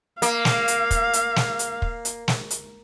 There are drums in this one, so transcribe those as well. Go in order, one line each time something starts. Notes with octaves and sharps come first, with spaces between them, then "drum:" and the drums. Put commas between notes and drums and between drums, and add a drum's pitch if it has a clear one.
A#3 F5, drum: hi-hat
drum: snare
drum: hi-hat
drum: kick, hi-hat
drum: hi-hat
drum: snare
drum: hi-hat
drum: kick
drum: hi-hat
drum: snare
drum: hi-hat